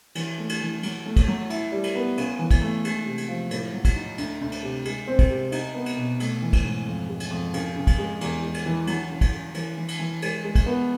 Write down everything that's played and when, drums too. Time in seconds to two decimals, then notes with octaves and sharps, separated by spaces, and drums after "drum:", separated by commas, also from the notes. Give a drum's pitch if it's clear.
0.15 E3, drum: cymbal
0.38 A3
0.49 drum: cymbal
0.61 E3
0.83 F#3, drum: cymbal
1.06 A3
1.16 drum: kick, cymbal
1.28 F#3
1.50 E4, drum: cymbal
1.72 G3
1.84 drum: cymbal
1.95 B3
2.17 C#3, drum: cymbal
2.39 E3
2.51 drum: kick, cymbal
2.61 A3
2.85 G#3, drum: cymbal
3.06 C3
3.18 drum: cymbal
3.28 F3
3.51 A2, drum: cymbal
3.73 F#3
3.85 drum: kick, cymbal
3.95 D#4
4.18 D2, drum: cymbal
4.41 D2
4.52 drum: cymbal
4.63 C3
4.85 G#3, drum: cymbal
5.07 C4
5.19 drum: kick, cymbal
5.30 C3
5.52 D#4, drum: cymbal
5.74 B3
5.86 drum: cymbal
5.97 B2
6.20 A3, drum: cymbal
6.42 E3
6.53 drum: kick, cymbal
6.65 G#2
6.86 F2
7.09 G#3
7.20 drum: cymbal
7.31 F2
7.54 C#3, drum: cymbal
7.76 C#3
7.87 drum: kick, cymbal
7.98 G#3
8.21 E2, drum: cymbal
8.43 G#3
8.54 drum: cymbal
8.66 E3
8.87 F#3, drum: cymbal
9.11 C#3
9.21 drum: kick, cymbal
9.32 C#3
9.54 E3, drum: cymbal
9.77 E3
9.88 drum: cymbal
9.99 E3
10.22 G#3, drum: cymbal
10.44 G#3
10.55 drum: kick, cymbal
10.66 B3